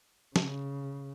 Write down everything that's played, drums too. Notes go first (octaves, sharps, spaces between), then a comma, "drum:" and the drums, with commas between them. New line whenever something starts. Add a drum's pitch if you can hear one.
C#3, drum: snare